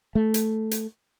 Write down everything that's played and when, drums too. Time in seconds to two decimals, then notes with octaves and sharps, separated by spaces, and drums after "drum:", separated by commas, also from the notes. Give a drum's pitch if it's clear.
0.15 A3
0.34 drum: hi-hat
0.71 drum: hi-hat